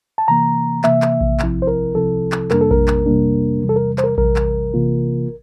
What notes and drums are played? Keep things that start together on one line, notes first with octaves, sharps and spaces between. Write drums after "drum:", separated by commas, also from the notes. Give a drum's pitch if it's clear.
A5
C3 E3 A#3 A#5
C3 E3 A#3 E5, drum: clap
drum: clap
drum: kick A#1
C2 C3 F3 C4 E4, drum: clap
C5
A#4
C2 C3 F3 C4 E4 A4
drum: clap
F2 C3 G3 A#3 D4 A#4, drum: clap
A4
A#4, drum: kick A#1
drum: clap
F2 C3 G3 A#3 D4
E2 C3 E3 G3
A4
A#4
C5, drum: clap
A#4
E2 C3 E3 G3 A#4, drum: kick A#1
drum: clap
C3 E3 A#3 F4